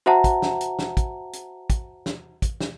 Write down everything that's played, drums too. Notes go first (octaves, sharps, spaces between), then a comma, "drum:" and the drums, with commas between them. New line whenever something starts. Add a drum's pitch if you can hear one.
F#4 C5 E5 F#5 A5 A#5
drum: kick, hi-hat
drum: snare
drum: hi-hat
drum: snare
drum: kick, hi-hat
drum: hi-hat
drum: kick, hi-hat
drum: snare
drum: kick, hi-hat
drum: snare